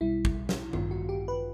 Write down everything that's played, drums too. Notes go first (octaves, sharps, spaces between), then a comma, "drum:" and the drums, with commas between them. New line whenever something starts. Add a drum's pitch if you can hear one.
B1 B2 G3 E4
drum: kick
drum: snare
A1 G2 D#3 F4, drum: tom D#3
F#4
G4
B4